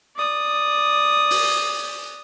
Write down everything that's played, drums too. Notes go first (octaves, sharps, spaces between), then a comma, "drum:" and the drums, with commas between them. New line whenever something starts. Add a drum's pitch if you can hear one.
D5 D#6
drum: open hi-hat